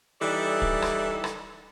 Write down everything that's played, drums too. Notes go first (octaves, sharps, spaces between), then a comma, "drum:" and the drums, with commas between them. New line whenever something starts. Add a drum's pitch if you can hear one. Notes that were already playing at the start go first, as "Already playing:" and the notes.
E3 G3 D#4 E4 A4 D5
drum: kick
drum: rim click
drum: rim click